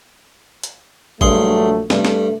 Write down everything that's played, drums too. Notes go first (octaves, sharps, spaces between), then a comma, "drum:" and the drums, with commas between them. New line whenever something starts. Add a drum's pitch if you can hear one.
drum: hi-hat
A#1 G2 F#3 A3 G#4 C6, drum: kick
G2 A3, drum: snare
drum: snare